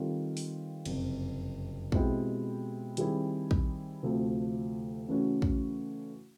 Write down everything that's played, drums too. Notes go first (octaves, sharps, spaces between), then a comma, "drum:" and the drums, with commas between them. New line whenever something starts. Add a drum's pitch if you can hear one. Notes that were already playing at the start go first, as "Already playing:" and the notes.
Already playing: D#3 G3 C4 F4 A4
drum: open hi-hat
F#1 F2 C3, drum: cymbal
B2 G#3 C4 E4 G4, drum: kick
D#3 G3 C4 E4 G#4, drum: hi-hat
drum: kick
D2 C3 F3 A3
C#3 E3 A3 C#4 F#4
drum: kick